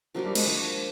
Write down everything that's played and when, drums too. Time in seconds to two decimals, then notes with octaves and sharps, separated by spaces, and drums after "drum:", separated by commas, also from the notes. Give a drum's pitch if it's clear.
0.14 F3 F#3 A#3 D4 F#4
0.25 G3
0.35 G#3, drum: cymbal
0.46 F3 A#3 D4 F#4